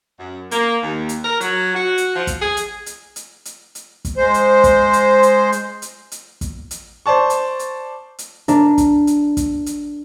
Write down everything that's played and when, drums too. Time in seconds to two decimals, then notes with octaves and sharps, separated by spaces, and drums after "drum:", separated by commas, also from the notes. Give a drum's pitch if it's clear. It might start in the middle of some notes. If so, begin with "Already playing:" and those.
0.19 F#2
0.51 A#3, drum: hi-hat
0.83 D#2
1.09 drum: hi-hat
1.25 A#4
1.41 F#3, drum: hi-hat
1.75 F#4
1.98 drum: hi-hat
2.15 F3
2.27 drum: kick, hi-hat
2.41 G#4
2.57 drum: hi-hat
2.86 drum: hi-hat
3.16 drum: hi-hat
3.45 drum: hi-hat
3.75 drum: hi-hat
4.05 drum: kick, hi-hat
4.17 G#3 C5
4.34 drum: hi-hat
4.64 drum: kick, hi-hat
4.93 drum: hi-hat
5.23 drum: hi-hat
5.52 drum: hi-hat
5.82 drum: hi-hat
6.12 drum: hi-hat
6.41 drum: kick, hi-hat
6.71 drum: hi-hat
7.06 C5 D5 A5 C#6
7.30 drum: hi-hat
7.59 drum: hi-hat
8.19 drum: hi-hat
8.48 D4 A#4, drum: hi-hat
8.78 drum: kick, hi-hat
9.07 drum: hi-hat
9.37 drum: kick, hi-hat
9.66 drum: hi-hat